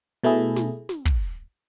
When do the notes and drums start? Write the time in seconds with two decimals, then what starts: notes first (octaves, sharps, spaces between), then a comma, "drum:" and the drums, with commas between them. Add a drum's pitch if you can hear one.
0.24 B2 A3 E4 G#4
0.56 drum: snare
0.89 drum: snare
1.05 drum: kick